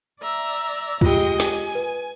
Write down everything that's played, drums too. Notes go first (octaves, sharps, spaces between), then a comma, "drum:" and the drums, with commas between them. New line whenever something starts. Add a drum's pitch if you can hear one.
D5 E5 A#5
G#3 F4 G4 D#5 G5, drum: kick
drum: open hi-hat
G#5, drum: snare
B4